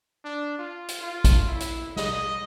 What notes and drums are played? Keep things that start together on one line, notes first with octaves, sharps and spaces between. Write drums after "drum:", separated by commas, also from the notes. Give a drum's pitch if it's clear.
D4
F4
drum: hi-hat
F4
drum: kick, hi-hat
E4
drum: hi-hat
D#5, drum: snare